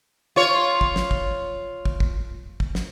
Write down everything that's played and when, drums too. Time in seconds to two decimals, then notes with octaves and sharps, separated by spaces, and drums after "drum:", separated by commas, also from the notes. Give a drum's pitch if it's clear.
0.36 F4 C#5
0.81 drum: kick
0.96 drum: snare
1.11 drum: kick
1.85 drum: kick
2.00 drum: kick
2.60 drum: kick
2.75 drum: snare